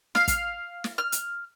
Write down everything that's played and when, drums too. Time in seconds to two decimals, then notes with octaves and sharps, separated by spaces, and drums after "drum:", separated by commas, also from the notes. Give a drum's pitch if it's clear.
0.15 F5, drum: snare
0.28 drum: kick, hi-hat
0.84 drum: snare
0.98 F6
1.12 drum: hi-hat